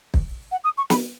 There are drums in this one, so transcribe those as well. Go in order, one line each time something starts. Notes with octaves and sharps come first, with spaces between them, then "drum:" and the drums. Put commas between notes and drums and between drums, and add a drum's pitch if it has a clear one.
drum: kick
F#5
D#6
C#6
B5, drum: snare